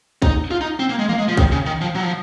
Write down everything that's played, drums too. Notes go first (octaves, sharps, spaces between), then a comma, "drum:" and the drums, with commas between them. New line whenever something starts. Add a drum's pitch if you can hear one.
D#4, drum: kick
F4
D#4
C4
A#3
G#3
A#3, drum: tom
G#3
F3
D#3, drum: kick
C#3
D#3
F3
F#3
F3